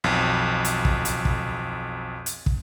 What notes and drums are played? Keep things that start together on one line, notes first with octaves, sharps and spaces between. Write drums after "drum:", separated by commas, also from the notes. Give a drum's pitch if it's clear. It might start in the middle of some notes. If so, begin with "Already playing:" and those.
B1 F2
drum: hi-hat
drum: kick
drum: hi-hat
drum: kick
drum: hi-hat
drum: kick